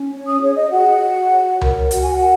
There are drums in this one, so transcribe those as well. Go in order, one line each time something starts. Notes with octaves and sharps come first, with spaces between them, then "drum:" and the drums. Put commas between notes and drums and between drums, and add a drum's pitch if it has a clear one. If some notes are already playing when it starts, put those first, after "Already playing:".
Already playing: C#4
C#5
D#6
G#4 C#5
D#5
F#4 F#5
F#4
C#5
A#4, drum: tom C#2
F#4 F#5, drum: hi-hat
G#5
F#5